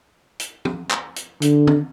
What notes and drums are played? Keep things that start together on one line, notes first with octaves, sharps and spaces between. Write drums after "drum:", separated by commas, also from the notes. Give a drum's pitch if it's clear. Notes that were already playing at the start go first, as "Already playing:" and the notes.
drum: hi-hat
drum: tom
drum: clap
drum: hi-hat
D3, drum: hi-hat
drum: tom